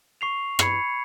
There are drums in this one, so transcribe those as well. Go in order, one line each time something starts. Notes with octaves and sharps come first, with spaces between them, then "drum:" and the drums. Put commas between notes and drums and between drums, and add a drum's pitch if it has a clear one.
C#6 C7 F7
B5 G#6 C7 C#7, drum: rim click